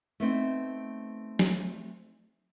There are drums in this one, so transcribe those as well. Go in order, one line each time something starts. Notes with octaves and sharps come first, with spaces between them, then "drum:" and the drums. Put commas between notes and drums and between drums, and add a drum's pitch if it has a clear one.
A3 B3 C4 D#4
drum: snare